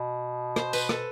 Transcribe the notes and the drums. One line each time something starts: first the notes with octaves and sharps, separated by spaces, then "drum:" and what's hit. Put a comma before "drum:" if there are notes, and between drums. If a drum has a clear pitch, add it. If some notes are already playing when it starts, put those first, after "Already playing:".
Already playing: B2
C5, drum: rim click
B4, drum: tambourine
A4, drum: rim click